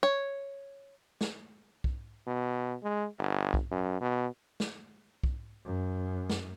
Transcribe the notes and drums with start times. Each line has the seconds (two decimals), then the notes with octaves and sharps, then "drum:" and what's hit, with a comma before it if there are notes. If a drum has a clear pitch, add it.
0.03 C#5
1.21 drum: snare
1.84 drum: kick B1
2.27 B2
2.83 G#3
3.19 G1
3.54 drum: kick B1
3.71 F#2
4.01 B2
4.60 drum: snare
5.24 drum: kick B1
5.65 F#2
6.30 drum: snare